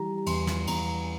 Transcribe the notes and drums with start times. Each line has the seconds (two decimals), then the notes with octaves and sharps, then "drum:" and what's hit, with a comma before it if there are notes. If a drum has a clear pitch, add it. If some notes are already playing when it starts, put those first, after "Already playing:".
Already playing: E3 G3 A#5
0.26 E2 C6, drum: cymbal
0.47 drum: snare
0.67 E2 A#5, drum: cymbal